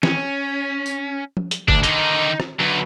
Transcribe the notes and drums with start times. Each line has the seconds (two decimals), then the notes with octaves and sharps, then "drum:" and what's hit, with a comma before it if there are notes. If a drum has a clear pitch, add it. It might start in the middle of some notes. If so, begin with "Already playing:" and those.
0.03 C#4, drum: snare
0.86 drum: tambourine
1.37 drum: tom F3
1.51 drum: hi-hat
1.68 D2 D4, drum: kick
1.84 D3 D#3 D#4, drum: hi-hat
2.40 drum: rim click
2.60 D2 F#3 B4